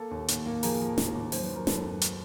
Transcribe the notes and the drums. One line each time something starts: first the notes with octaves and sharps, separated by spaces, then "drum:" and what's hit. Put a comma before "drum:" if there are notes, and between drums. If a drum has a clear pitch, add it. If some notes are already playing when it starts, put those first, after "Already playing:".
Already playing: A#3 A4
D#2
D#2, drum: hi-hat
A#3
F3 G#4 A#4, drum: open hi-hat
F3
D#2, drum: snare
D#2
F#2 C5, drum: open hi-hat
B4
F#2
A#4
F#2 A4 B4, drum: snare
F#2
drum: hi-hat